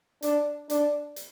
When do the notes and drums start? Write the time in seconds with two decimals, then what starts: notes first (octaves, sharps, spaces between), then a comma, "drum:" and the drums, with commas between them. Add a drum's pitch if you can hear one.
0.22 D4, drum: hi-hat
0.70 D4, drum: hi-hat
1.16 drum: hi-hat